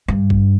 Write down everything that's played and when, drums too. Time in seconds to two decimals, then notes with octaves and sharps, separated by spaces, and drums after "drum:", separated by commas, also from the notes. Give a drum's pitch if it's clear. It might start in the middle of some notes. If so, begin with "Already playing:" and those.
0.08 G2
0.30 drum: kick G#1